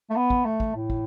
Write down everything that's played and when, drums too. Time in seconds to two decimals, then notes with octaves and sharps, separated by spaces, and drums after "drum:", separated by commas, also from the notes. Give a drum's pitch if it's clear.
0.10 A3
0.16 B3
0.30 drum: kick
0.45 A3
0.60 drum: kick
0.75 A2
0.90 drum: kick